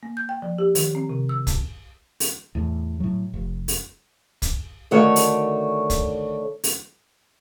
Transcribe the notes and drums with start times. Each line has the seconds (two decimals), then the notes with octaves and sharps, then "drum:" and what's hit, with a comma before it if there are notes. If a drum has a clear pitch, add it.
0.03 A#3
0.17 G6
0.29 G5
0.42 F3
0.58 G4
0.75 D#3, drum: open hi-hat
0.95 C4
1.09 C3
1.29 E6
1.47 G#2, drum: kick, hi-hat
2.20 drum: open hi-hat
2.55 E2 A2
3.00 A2 F#3
3.34 F1
3.68 drum: open hi-hat
4.42 drum: kick, hi-hat
4.91 D3 D#3 A3 F#4 C#5
5.16 drum: open hi-hat
5.90 drum: kick, hi-hat
6.64 drum: open hi-hat